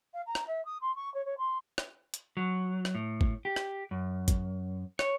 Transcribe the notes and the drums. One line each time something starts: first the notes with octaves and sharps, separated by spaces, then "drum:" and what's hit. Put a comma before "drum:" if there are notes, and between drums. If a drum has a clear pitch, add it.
F5
A#5
drum: rim click
E5
D#6
C6
C#6
C#5
C#5
C6
drum: rim click
drum: hi-hat
F#3
drum: rim click
A2
drum: kick G#1
G4
drum: rim click
F#2
drum: kick G#1, hi-hat
C#5, drum: rim click